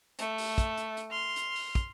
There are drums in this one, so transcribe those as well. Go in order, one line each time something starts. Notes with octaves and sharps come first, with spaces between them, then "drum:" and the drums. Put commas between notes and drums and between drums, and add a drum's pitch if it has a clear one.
A3, drum: hi-hat
drum: open hi-hat
drum: kick, hi-hat
drum: hi-hat
drum: hi-hat
C6 F6
drum: hi-hat
drum: open hi-hat
drum: kick, hi-hat